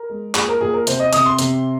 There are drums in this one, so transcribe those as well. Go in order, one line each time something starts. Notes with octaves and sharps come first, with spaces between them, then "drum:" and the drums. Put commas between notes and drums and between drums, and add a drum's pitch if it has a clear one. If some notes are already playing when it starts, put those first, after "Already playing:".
Already playing: A#4
G#3
A#2 G#4, drum: clap
A#4
A#2 G#4
A#4
C3 C5, drum: hi-hat
D#5
C3 D#6, drum: hi-hat
C6
C3, drum: hi-hat